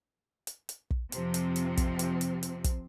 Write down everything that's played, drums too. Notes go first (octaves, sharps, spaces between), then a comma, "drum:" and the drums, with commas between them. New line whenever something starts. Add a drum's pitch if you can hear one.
drum: hi-hat
drum: hi-hat
drum: kick
F2 C3 F3 C4, drum: hi-hat
drum: hi-hat
drum: hi-hat
drum: kick, hi-hat
drum: hi-hat
drum: hi-hat
drum: hi-hat
drum: kick, hi-hat